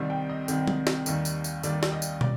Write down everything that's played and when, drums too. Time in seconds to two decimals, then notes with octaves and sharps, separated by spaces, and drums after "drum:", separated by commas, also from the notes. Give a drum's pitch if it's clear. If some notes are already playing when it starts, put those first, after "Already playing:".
Already playing: C2 C3 D#3 G3
0.10 G5
0.29 D#5
0.48 C2 C3 D#3 G3, drum: tambourine
0.68 drum: tom F#3
0.87 drum: snare
1.06 D#2 D#3 G3, drum: tambourine
1.25 drum: tambourine
1.44 drum: tambourine
1.63 D#2 D#3 G3 D5, drum: tambourine
1.83 drum: snare
1.92 D#5
2.02 drum: tambourine
2.21 D5, drum: tom